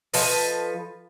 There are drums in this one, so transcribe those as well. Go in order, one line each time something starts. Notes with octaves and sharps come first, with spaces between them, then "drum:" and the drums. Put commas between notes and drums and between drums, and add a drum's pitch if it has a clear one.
F3 A4 B4 D#5, drum: open hi-hat